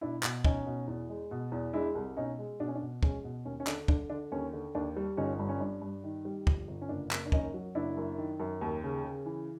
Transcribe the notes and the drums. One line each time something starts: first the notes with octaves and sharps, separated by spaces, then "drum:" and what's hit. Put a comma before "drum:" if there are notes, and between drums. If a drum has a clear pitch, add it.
B2 D4 E4
B2, drum: clap
B2 C#4 D#4, drum: kick
B2
E2
G#3
B2
E2
G#3 D4 E4
C2
B2 C#4 D#4
G#3
B2 D4
C#4
D4
B2
G#3 C#4, drum: kick
B2
D#2 C#4
C#4
D3 D4, drum: clap
D3 D4, drum: kick
D3 D4
D#2 C#4
D3
D#2 D4
G3
G1 C#4 D#4
G2
C#4
G2 D4
G2
D#3
G3
G1, drum: kick
G1
C#4
F#1 D4
F#1, drum: clap
D4
F#2 C#4 D#4, drum: kick
F#3
F#1 D4 E4
F#2
D#3
F#2
D#2
C#3
C#3
E3